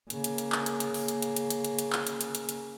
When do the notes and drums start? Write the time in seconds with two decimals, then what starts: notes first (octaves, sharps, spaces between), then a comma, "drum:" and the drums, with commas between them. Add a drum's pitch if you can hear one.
0.10 C#3 A#3, drum: hi-hat
0.24 drum: hi-hat
0.38 drum: hi-hat
0.52 drum: clap
0.66 drum: hi-hat
0.80 drum: hi-hat
0.94 drum: open hi-hat
1.08 drum: hi-hat
1.22 drum: hi-hat
1.36 drum: hi-hat
1.50 drum: hi-hat
1.65 drum: hi-hat
1.79 drum: hi-hat
1.93 drum: clap
2.07 drum: hi-hat
2.21 drum: hi-hat
2.35 drum: hi-hat
2.49 drum: hi-hat